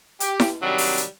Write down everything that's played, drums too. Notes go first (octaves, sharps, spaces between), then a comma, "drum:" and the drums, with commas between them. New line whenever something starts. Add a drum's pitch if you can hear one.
G4, drum: hi-hat
drum: snare E4
C3 D#3 F#3 G3 D4
drum: open hi-hat
drum: hi-hat